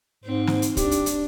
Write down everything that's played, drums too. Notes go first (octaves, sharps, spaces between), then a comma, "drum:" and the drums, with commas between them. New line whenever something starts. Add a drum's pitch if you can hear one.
G#2 C4
drum: snare
drum: hi-hat
D4 G4, drum: kick, hi-hat
drum: hi-hat
drum: hi-hat